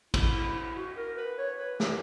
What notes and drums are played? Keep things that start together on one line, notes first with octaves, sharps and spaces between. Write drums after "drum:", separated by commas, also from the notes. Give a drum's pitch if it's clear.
E4, drum: kick, cymbal
E4
E4
F#4
A#4
B4
C#5
B4
G4, drum: snare